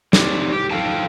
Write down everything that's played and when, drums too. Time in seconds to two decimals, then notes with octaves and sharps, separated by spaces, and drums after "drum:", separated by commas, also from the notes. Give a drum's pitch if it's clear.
0.13 C4 G4 C#5 D5, drum: snare
0.52 G4
0.71 A4 F5 G5 A5